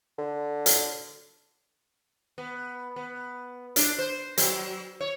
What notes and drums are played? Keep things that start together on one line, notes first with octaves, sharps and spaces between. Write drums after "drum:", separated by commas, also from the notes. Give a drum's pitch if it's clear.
D3
drum: hi-hat
B3
B3
D4, drum: hi-hat
C5
F#3, drum: hi-hat
C#5